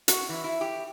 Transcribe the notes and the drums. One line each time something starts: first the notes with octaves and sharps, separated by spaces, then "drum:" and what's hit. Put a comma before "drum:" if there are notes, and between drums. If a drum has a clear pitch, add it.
F#4, drum: hi-hat
E3
E4
G4